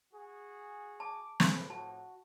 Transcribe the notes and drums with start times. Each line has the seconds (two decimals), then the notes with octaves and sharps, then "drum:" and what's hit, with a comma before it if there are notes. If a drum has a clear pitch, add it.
0.12 F#4 G#4
1.00 A5 D6
1.40 F2 A2 B4, drum: snare
1.70 F#4 A5